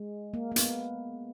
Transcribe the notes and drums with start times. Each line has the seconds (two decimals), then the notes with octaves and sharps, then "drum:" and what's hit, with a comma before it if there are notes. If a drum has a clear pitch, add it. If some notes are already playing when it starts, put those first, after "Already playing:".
Already playing: G#3
0.34 A#3
0.52 A#3
0.56 B3, drum: hi-hat